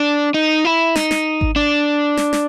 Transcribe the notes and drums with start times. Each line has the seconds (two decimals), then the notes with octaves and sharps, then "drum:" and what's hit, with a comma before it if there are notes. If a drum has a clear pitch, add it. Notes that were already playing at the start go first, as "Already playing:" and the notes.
Already playing: D4
0.34 D#4
0.65 E4
0.96 D#4, drum: snare
1.11 drum: snare
1.41 drum: kick G#1
1.56 D4
2.17 drum: snare
2.33 drum: snare